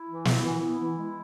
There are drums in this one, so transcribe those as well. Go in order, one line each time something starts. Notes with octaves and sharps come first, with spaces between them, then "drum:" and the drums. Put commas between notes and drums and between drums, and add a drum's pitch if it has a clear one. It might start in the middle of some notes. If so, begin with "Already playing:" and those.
Already playing: E4
E3
B3, drum: snare
E3
B3
E3
G#3